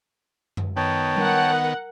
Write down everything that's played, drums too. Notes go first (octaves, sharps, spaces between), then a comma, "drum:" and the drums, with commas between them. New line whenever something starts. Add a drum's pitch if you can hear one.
drum: tom F#2
D#3 B3 C#5 G5 A5
A#4 F#5, drum: tom G3